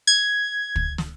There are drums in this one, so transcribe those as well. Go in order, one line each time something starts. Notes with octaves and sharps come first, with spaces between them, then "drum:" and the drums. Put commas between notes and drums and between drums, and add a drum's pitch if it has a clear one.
G#6
drum: kick
drum: snare